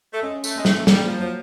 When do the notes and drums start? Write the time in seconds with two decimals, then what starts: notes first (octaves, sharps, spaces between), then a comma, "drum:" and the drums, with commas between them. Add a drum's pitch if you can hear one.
0.12 A3
0.22 G#3 C#4
0.44 A3, drum: tambourine
0.55 G#3 A#3
0.65 A3, drum: snare
0.87 G3 A#3, drum: snare
1.04 F3
1.19 F3 F#3